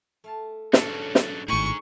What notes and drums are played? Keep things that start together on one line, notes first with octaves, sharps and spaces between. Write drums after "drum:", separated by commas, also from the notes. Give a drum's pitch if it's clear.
A3 F5 A5
G#2 B2 D3 F#3 C#4 A4, drum: snare
drum: snare
G#1 A2 D#4 G#5 C#6